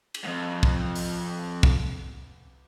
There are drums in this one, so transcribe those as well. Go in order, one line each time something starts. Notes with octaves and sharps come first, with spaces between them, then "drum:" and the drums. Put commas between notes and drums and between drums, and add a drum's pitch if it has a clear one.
drum: cymbal
F2 G#2
drum: kick
drum: open hi-hat
drum: kick